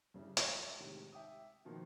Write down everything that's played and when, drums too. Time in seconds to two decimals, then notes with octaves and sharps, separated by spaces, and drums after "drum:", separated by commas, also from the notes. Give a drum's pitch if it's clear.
0.14 G2 C#3 G3 E4
0.37 C#5 D#5 E5 G#5 A5 C#6, drum: hi-hat
0.80 A2 C3 D#3 G#3 G4
1.12 E5 G5 D6 D#6
1.65 B2 D#3 F3 A#3